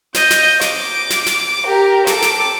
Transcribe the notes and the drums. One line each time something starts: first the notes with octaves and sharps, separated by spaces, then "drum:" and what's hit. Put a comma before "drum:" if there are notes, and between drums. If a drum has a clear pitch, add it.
D#5 G6, drum: snare
drum: snare
D6, drum: snare
drum: snare
drum: snare
G4 A#4
A4 D6, drum: snare
drum: snare